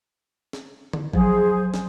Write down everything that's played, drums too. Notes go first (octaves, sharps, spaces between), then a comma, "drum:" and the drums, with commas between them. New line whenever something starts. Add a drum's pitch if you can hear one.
drum: snare
drum: tom D3
F3 F#3 G#4 C5, drum: kick
drum: snare